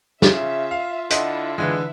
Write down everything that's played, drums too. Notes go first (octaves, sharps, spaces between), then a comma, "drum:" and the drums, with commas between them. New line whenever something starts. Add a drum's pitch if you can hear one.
C#3 F4 E5, drum: snare
F5
D3 E4 D#5 E5 F#5 C6, drum: hi-hat
D3 E3 G#3